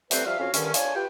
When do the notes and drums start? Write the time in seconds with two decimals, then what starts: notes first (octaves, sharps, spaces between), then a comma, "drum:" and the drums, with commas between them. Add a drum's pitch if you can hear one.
0.11 G3 A3 C4 B4 C5 F#5, drum: hi-hat
0.26 F3 G3 E5 F5
0.39 F2 C#4 F#4 C#5 F5
0.54 G2 D3 D#3 C#4, drum: hi-hat
0.74 D4 F4 C#5 G#5, drum: hi-hat
0.95 F4 G4 B4 G5